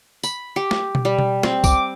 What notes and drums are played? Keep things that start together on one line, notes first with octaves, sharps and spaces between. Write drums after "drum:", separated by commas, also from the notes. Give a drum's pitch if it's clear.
B5, drum: tambourine
G4
drum: snare
drum: tom B2
G3
drum: tom B2
C4, drum: snare
D6, drum: kick, tambourine